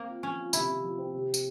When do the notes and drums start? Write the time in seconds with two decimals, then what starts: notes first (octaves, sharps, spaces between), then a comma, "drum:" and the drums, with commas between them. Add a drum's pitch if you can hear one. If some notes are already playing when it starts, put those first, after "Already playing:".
Already playing: A#3 C4
0.08 F4
0.23 F3 C#4
0.39 F4
0.53 C3 E4, drum: tambourine
0.68 C3
0.83 F3
0.98 C4
1.14 C3
1.34 drum: tambourine